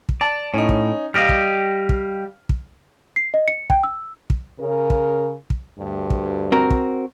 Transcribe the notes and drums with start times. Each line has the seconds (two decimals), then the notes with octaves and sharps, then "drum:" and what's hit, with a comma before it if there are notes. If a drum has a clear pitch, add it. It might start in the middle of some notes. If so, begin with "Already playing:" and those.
0.09 drum: kick
0.21 D5 A5
0.54 A2 C#4 D#4
0.69 drum: kick
1.14 G3 G4 D#5 F5 F6
1.29 drum: kick
1.89 drum: kick
2.49 drum: kick
3.16 C7
3.34 D#5
3.48 C#7
3.70 G5, drum: kick
3.83 E6
4.30 drum: kick
4.60 C#3 A#4
4.90 drum: kick
5.50 drum: kick
5.78 D2 G2
6.10 drum: kick
6.52 C4 F#4 A#4
6.70 drum: kick